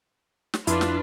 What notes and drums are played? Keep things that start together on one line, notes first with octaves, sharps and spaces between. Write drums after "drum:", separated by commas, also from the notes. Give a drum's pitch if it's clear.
drum: snare
F2 D4 E4 F4 B4, drum: hi-hat
drum: snare